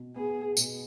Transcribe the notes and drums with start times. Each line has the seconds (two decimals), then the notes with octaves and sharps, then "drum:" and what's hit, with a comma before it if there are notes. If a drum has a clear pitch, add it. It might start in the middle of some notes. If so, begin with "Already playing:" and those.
Already playing: B2
0.16 B3 G#4
0.57 B2, drum: tambourine